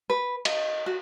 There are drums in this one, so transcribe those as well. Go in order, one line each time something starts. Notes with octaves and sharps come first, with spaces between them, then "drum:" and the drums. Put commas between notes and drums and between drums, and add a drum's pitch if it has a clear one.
B4
D#5, drum: cymbal
F#4